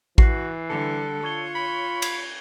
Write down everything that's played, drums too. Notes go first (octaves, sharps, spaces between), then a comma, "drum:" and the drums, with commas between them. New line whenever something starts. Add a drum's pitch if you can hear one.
E3 F#4 F#6 C7, drum: kick A1
D3 G3 A4 C#7
F4 C#5 C#6 G#6 G7
B5
G#6 C7, drum: cymbal